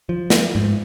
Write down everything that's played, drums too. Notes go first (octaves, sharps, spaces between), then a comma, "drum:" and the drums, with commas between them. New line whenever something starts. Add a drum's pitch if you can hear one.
F3
drum: snare
G#2